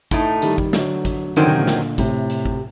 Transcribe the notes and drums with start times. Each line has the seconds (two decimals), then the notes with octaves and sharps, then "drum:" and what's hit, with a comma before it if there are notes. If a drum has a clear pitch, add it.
0.11 A2 A3 D#4, drum: kick, hi-hat
0.42 D#3 G3, drum: hi-hat
0.58 drum: kick
0.73 D3 F#3, drum: snare
1.05 drum: kick, hi-hat
1.36 F#2 D3 D#3 F#3 C4, drum: hi-hat
1.47 C3
1.58 A#2 D3
1.67 drum: snare
1.98 A2 C3, drum: kick, hi-hat
2.30 drum: hi-hat
2.45 drum: kick